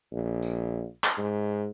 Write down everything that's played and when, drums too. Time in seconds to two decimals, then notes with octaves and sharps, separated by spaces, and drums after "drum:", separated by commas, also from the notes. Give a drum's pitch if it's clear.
0.12 A#1
0.43 drum: tambourine
1.04 drum: clap
1.17 G#2